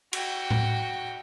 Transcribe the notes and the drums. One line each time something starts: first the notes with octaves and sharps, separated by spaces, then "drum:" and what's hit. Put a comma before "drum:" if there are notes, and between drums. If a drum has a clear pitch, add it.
F#4 G5, drum: cymbal
drum: tom A2